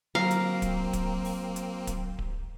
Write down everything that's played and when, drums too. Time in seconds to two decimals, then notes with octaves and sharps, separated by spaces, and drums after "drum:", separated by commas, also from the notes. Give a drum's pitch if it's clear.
0.15 F#3 A#3 C4 F5 A#5
0.31 drum: hi-hat
0.62 drum: kick D1, hi-hat
0.93 drum: kick D1, hi-hat
1.25 drum: open hi-hat
1.56 drum: hi-hat
1.87 drum: kick D1, hi-hat
2.19 drum: kick D1